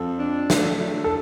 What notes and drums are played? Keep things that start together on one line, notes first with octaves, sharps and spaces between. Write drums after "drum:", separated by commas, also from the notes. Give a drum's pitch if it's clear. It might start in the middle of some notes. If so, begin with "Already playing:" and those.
Already playing: F2 A4
D4
A3, drum: snare
D4
A4